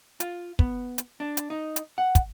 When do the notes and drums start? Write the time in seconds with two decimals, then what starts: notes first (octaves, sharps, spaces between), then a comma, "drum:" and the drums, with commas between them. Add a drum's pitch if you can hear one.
0.20 F4, drum: hi-hat
0.59 B3, drum: kick
0.98 drum: hi-hat
1.20 D4
1.37 drum: hi-hat
1.50 D#4
1.76 drum: hi-hat
1.98 F#5
2.15 drum: kick, hi-hat